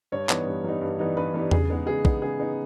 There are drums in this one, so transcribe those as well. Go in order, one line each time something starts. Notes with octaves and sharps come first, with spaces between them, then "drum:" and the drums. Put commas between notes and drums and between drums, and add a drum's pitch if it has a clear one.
G2 C#5
E3 G3 B3 D#4, drum: clap
G2
E3 G3 B3 D#4
G2
E3 G3 B3 D#4
G2 B4
E3 G3 B3 D#4
C#3 G#4, drum: tom E2
G#3 B3 D#4
C#3 G#4
G#3 B3 D#4, drum: kick
C#3 G#4
G#3 B3 D#4